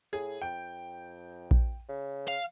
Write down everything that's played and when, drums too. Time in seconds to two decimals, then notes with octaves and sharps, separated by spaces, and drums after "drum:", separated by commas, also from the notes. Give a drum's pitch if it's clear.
0.13 A2 G#4
0.42 F2 G5
1.51 drum: kick A#1
1.89 C#3
2.28 F5